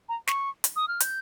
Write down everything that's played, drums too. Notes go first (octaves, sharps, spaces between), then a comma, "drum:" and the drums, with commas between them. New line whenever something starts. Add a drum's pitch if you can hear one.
A#5
C#6, drum: snare
drum: hi-hat
D#6
F6
G6, drum: hi-hat